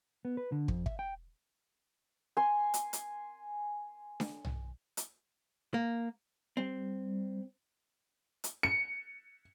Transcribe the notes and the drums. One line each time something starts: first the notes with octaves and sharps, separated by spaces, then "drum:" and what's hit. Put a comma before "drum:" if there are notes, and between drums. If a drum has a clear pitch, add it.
B3
B4
D3
F2, drum: kick
E5, drum: kick
G5
G#5 C6
drum: hi-hat
drum: hi-hat
drum: snare D4
drum: tom
drum: hi-hat
A#3
G3 C4
drum: hi-hat
C#7